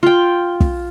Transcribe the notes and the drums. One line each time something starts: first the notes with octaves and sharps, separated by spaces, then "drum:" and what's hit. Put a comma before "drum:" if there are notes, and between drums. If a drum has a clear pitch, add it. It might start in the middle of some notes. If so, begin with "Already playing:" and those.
F4 G5
drum: kick